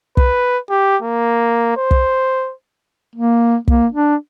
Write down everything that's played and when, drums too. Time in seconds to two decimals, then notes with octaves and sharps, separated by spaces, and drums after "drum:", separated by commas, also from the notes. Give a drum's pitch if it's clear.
0.17 B4, drum: kick
0.70 G4
1.02 A#3
1.77 C5
1.91 drum: kick
3.15 A#3
3.68 A#3, drum: kick
3.92 D4